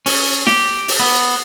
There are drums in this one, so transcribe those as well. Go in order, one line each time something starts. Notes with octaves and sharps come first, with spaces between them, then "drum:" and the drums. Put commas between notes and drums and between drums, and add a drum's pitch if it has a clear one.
C#4, drum: open hi-hat
G4, drum: snare
drum: open hi-hat
B3